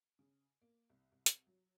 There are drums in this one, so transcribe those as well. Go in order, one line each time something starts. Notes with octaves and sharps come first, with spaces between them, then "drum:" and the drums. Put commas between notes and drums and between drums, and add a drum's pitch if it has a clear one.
C#3
A#3
C2
C2
drum: hi-hat
F#3